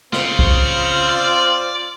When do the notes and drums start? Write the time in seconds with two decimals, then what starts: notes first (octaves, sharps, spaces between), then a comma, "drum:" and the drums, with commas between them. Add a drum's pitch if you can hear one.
0.13 C#3 C4 F4, drum: snare
0.39 drum: kick C2
1.09 D5